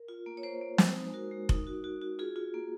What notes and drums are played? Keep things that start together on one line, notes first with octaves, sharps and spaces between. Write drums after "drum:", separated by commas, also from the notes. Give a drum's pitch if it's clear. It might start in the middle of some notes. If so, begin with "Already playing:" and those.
Already playing: A#4
F4
A#3
C#5
A#3 C5
A#3
G#3, drum: snare
D#4
F#4 A#4
G#3
D#4, drum: kick F1
F#4
F#4
F#4
F4 G#4
F4
A#3